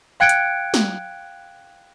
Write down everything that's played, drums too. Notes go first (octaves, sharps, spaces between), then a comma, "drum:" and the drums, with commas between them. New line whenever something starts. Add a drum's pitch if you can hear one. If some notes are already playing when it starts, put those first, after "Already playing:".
F5 G5 F#6 G#6 C#7 D7
drum: hi-hat
drum: snare